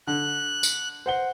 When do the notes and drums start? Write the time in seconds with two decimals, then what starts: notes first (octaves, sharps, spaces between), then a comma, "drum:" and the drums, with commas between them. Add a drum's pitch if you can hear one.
0.07 D3 F#6
0.63 drum: tambourine
1.06 C5 F#5 G7